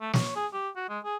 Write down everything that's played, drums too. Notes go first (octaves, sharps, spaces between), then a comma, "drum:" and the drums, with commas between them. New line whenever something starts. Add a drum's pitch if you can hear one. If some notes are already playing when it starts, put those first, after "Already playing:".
A3
C#5, drum: snare
G#4
G4
F#4
G#3
G#4